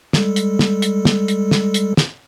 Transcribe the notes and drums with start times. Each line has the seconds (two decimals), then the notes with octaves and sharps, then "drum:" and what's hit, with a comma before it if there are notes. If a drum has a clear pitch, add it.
0.13 G3 G#3 A4, drum: snare
0.36 drum: hi-hat
0.59 drum: snare
0.82 drum: hi-hat
1.05 drum: snare
1.28 drum: hi-hat
1.51 drum: snare
1.74 drum: hi-hat
1.97 drum: snare